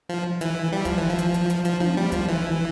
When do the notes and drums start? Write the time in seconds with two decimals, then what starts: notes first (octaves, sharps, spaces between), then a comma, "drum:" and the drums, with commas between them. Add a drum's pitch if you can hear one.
0.09 F3
0.41 E3, drum: hi-hat
0.72 G3
0.85 F3, drum: kick, hi-hat
0.98 E3
1.09 F3
1.19 drum: hi-hat
1.34 drum: hi-hat
1.50 drum: hi-hat
1.65 F3, drum: hi-hat
1.81 F3, drum: tom
1.97 G3
2.12 F3, drum: kick, hi-hat
2.28 E3